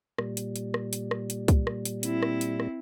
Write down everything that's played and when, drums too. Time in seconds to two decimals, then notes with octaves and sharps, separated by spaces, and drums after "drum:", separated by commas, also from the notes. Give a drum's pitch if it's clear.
0.19 A#2 G3, drum: rim click
0.37 drum: hi-hat
0.56 drum: hi-hat
0.74 drum: rim click
0.93 drum: hi-hat
1.11 drum: rim click
1.30 drum: hi-hat
1.48 drum: kick, hi-hat
1.67 drum: rim click
1.85 drum: hi-hat
2.03 C4 E4, drum: hi-hat
2.23 drum: rim click
2.41 drum: hi-hat
2.60 drum: rim click